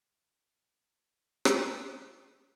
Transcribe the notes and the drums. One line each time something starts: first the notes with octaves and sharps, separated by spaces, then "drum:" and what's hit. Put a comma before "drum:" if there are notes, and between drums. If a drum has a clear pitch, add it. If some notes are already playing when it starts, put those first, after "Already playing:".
Already playing: F#2 F3 G#3 B3
B5
drum: rim click
D6